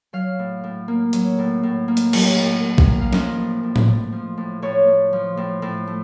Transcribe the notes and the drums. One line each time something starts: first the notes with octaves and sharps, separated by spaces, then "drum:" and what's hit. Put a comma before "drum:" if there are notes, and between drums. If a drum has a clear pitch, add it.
F#3 F5
A2
A2
A#3
F#3, drum: hi-hat
A2
A2
A#3
drum: hi-hat
F#3, drum: cymbal
A2
A2
drum: kick A1
A#3
F5
F3 D#5, drum: snare
A2
A2
drum: tom A2
A3
F3
A2
A2 C#5
A3
F3
A2
A2
A3